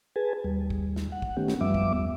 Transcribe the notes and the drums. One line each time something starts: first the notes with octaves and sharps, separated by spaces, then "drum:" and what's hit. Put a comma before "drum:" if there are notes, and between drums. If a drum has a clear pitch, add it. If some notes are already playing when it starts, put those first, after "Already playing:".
G#4 B4 G#5 A5
D#2 G3
drum: kick
drum: snare
F#5
drum: kick
D#3 A3 B3 C#4 G4
drum: snare
F#2 F3 G3 B3 E5 D6
drum: kick
D#2 G3